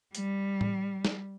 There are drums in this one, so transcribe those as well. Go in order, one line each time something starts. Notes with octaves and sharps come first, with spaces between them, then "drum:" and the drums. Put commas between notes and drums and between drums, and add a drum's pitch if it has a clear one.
G3, drum: hi-hat
drum: tom A2
drum: snare